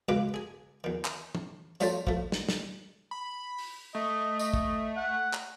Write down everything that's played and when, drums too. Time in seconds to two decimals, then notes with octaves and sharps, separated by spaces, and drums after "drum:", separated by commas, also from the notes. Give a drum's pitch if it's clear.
0.09 C#2 B2 G#3 B4 F5 D6
0.34 G#4 G#5
0.84 E2 D#3
1.05 drum: clap
1.35 drum: tom
1.80 F3 G3 A3 C#4 F4 A5, drum: tambourine
2.07 F3 A3, drum: kick
2.32 drum: snare
2.49 drum: snare
3.11 B5
3.58 drum: open hi-hat
3.95 A3 D#5
4.39 D#5, drum: tambourine
4.54 drum: kick
4.97 F#5
5.33 drum: clap